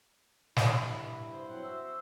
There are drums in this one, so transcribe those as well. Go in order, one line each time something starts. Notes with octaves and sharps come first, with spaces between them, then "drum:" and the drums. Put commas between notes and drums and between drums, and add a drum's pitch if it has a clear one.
G2 E4 B5, drum: snare
C5
F#3 C4 F#5
F#4 E5